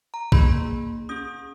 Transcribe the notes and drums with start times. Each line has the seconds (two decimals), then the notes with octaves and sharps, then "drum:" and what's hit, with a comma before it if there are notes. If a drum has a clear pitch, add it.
0.14 A#5
0.32 A#3 D#4 G#4 B5, drum: kick A#1
1.09 C#4 G#4 D#6